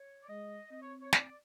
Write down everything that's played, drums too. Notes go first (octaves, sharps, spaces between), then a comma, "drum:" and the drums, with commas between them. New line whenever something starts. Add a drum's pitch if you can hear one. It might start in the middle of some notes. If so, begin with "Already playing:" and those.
Already playing: C#5
D5
G#3 D#5
C4 D#5
C#5
C#5
D5, drum: snare